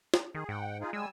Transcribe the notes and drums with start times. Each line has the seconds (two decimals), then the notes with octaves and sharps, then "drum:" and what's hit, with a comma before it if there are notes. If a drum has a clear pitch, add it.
0.14 drum: snare
0.35 D#3 G#4
0.49 G#2 F#5 G5
0.81 D#4 F4 G#4
0.93 G3 G#3 G#5 E6